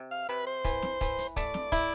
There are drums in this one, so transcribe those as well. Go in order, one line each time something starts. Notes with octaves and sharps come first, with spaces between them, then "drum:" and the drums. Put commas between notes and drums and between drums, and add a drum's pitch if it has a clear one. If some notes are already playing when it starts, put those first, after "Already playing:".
Already playing: C3
F5
C3 B4
C5
E3, drum: kick, hi-hat
drum: snare
E3, drum: kick, hi-hat
drum: hi-hat
A3 D5, drum: kick, hi-hat
drum: snare
E4, drum: kick, hi-hat